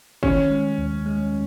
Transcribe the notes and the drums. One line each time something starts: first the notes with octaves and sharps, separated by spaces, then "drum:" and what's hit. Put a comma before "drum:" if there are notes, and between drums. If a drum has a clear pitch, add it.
D#3 C#4, drum: kick
G#3
D#2
G#3